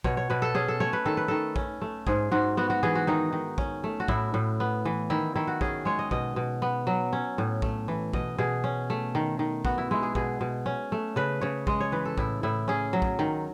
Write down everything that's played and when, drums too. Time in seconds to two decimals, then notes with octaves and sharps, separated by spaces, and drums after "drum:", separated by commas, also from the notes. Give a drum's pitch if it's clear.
0.04 B2 C#5, drum: kick
0.17 C#5
0.30 B2 B4
0.42 A4
0.55 C#4 G#4
0.68 A4
0.80 A3 C#5
0.93 B4
1.06 D#3 A4
1.17 B4
1.28 D#3 A4
1.56 C#4, drum: kick
1.82 A3
2.07 G#2 G#4, drum: kick
2.32 G#2 F#4
2.57 B3 F#4
2.70 F#4
2.83 E3 G#4
2.95 F#4
3.07 D#3 D#4
3.33 D#3
3.58 C#4, drum: kick
3.84 A3
4.00 F#4
4.08 A2 E4, drum: kick
4.34 A2
4.60 B3
4.85 E3
5.10 D#3 E4
5.36 D#3 E4
5.47 F#4
5.61 C#4 G#4, drum: kick
5.85 G#3 C#5
5.99 D#5
6.11 B2 D#5, drum: kick
6.36 B2
6.62 B3
6.87 F#3
7.13 C#4
7.38 A2
7.62 A3, drum: kick
7.88 E3
8.13 B2 D#5, drum: kick
8.38 B2 G#4
8.64 C#4
8.90 A3
9.15 D#3
9.39 D#3
9.65 B3 F#4, drum: kick
9.78 E4
9.91 G#3 E4
10.03 G#4
10.15 B2 G#4, drum: kick
10.41 B2
10.66 C#4
10.92 A3
11.16 C#3 B4
11.41 C#3 C#5
11.67 G#3 D#5, drum: kick
11.80 C#5
11.92 E3 B4
12.05 A4
12.18 A2 E4, drum: kick
12.43 A2 E4
12.68 C#4 G#4
12.93 F#3
13.02 drum: kick
13.19 D#3